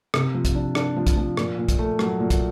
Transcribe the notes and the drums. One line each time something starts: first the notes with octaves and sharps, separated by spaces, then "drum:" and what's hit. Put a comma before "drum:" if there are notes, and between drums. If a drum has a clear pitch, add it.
C3, drum: rim click
F3
drum: kick, hi-hat
D4
D4, drum: rim click
F3
drum: kick, hi-hat
F3
A#2, drum: rim click
A#2
drum: kick, hi-hat
A3
F#3, drum: rim click
A#2
drum: kick, hi-hat